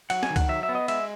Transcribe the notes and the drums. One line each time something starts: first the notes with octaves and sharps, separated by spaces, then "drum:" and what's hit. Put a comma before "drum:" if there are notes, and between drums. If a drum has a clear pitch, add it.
F#3 F#5, drum: cymbal
G#5, drum: snare
D#3
F#5, drum: kick C#2, cymbal
F#3 E5
E5
B3
D#5
G#3 E5, drum: cymbal